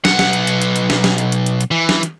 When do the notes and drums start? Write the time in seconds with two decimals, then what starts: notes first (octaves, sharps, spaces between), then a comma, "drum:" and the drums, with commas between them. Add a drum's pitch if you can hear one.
0.05 B1 F#5, drum: snare
0.19 drum: snare
0.33 drum: hi-hat
0.47 drum: hi-hat
0.61 drum: hi-hat
0.76 drum: hi-hat
0.90 drum: snare
1.04 drum: snare
1.18 drum: hi-hat
1.32 drum: hi-hat
1.46 drum: hi-hat
1.61 drum: hi-hat
1.71 E3
1.89 drum: snare
2.03 drum: hi-hat